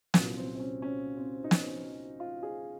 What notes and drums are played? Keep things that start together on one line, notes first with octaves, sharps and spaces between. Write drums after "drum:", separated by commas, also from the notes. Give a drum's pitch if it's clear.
C2 A#2 F#3 C#4, drum: snare
C4
C4
C#4
C#4
C4
D#4
C#4, drum: snare
F4
G#4